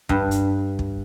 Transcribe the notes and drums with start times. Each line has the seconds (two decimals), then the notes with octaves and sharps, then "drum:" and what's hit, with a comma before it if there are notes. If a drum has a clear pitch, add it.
0.09 G2, drum: kick
0.31 drum: hi-hat
0.79 drum: kick